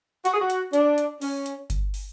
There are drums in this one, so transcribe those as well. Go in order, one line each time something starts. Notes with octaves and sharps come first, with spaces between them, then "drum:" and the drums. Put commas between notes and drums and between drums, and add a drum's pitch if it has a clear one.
F#4, drum: hi-hat
G#4
F#4
drum: hi-hat
D4, drum: hi-hat
drum: hi-hat
C#4, drum: open hi-hat
drum: hi-hat
drum: kick G1, hi-hat
drum: open hi-hat